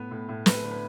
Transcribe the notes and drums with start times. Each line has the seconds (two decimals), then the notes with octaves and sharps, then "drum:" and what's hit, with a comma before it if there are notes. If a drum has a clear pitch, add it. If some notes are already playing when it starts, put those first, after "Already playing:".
Already playing: A2 B3 B4
0.11 A2
0.29 A2
0.46 A3 B4, drum: snare
0.63 D3
0.71 B4